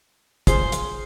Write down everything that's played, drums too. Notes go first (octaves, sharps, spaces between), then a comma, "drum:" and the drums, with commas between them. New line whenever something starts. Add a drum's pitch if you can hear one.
F4 G#4 C5, drum: kick, hi-hat
drum: hi-hat